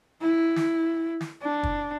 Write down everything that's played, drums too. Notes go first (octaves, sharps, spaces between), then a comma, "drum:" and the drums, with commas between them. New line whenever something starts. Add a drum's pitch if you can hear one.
E4
drum: snare
drum: snare
D4
drum: kick